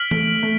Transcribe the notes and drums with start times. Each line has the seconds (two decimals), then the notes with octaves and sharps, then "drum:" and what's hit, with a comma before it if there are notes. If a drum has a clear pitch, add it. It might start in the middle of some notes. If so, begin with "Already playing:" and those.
Already playing: F6 B6 D7 F#7
0.11 A3, drum: tom E3
0.43 A3